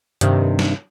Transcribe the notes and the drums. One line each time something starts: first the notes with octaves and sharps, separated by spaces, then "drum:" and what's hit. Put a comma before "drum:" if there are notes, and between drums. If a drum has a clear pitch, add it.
G2 C3 D#3, drum: hi-hat
drum: snare